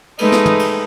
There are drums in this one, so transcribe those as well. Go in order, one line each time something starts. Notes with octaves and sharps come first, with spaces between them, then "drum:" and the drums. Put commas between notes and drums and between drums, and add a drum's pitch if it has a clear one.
G#3 A3 D#4 B4, drum: cymbal
drum: snare
drum: tom
drum: cymbal